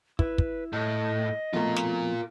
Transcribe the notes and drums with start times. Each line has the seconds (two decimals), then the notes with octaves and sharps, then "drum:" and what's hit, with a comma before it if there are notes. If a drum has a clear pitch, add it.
0.19 E4 B4, drum: kick
0.38 drum: kick
0.73 A2 D#5
1.53 F2 B2 A3 F4 A#4
1.76 drum: snare